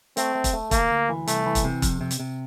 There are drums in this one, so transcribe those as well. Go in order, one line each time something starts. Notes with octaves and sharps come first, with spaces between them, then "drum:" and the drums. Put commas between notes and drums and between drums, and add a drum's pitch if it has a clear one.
A3 C4, drum: hi-hat
A3
drum: kick E1, hi-hat
A3
D2 A#3, drum: kick E1, hi-hat
D2
E3
C2 A3, drum: hi-hat
E3
drum: kick E1, hi-hat
C3
F2, drum: kick E1, hi-hat
C3
drum: hi-hat
C3